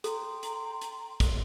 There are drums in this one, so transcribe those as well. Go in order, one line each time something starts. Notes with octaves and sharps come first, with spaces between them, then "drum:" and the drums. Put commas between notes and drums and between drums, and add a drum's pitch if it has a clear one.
A4 G5 A#5 C6, drum: hi-hat
drum: hi-hat
drum: hi-hat
drum: kick, hi-hat